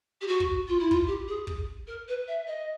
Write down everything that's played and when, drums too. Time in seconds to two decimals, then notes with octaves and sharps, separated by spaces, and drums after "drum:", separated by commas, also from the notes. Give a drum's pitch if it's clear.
0.21 G4
0.27 F#4
0.40 drum: kick
0.67 F4
0.79 E4
0.91 F4, drum: kick
1.07 G4
1.28 G#4
1.47 drum: kick
1.87 A#4
2.08 B4
2.27 E5
2.47 D#5